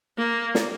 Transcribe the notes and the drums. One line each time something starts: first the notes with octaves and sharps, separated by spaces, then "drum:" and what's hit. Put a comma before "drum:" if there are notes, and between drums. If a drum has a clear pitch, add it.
A#3
drum: snare